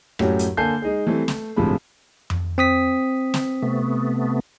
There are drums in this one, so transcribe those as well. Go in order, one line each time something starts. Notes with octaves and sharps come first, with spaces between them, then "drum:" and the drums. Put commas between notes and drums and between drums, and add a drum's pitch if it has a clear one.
F#2 A2 G3 C#4 F#4 G4, drum: rim click
drum: hi-hat
D3 A#3 G#5 A5 G6 C7
G#3 D#4 G#4
E3 G3 A3 C4
A3, drum: snare
G1 A2 C3 F3 G#3 B5
drum: tom F2
C4 D#6 B6
drum: snare
C3 A3 B3